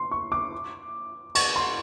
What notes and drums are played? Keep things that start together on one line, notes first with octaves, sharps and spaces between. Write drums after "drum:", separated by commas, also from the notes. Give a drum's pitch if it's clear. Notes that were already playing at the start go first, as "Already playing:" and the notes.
Already playing: C6
C#6
D6
C#6, drum: cymbal
C6